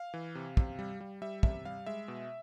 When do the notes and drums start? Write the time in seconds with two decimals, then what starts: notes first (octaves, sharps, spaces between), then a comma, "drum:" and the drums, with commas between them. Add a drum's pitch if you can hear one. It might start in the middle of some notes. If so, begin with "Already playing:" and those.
Already playing: F5
0.14 E3
0.35 C3
0.57 C3, drum: kick
0.79 G3
1.00 G3
1.22 G3 E5
1.43 C3 E5, drum: kick
1.65 G3 F5
1.86 G#3 E5
2.08 B2